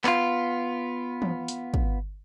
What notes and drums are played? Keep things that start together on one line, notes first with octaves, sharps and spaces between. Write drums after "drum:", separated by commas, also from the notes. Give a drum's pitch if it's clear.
B3 F4, drum: clap
drum: tom E3
drum: hi-hat
drum: kick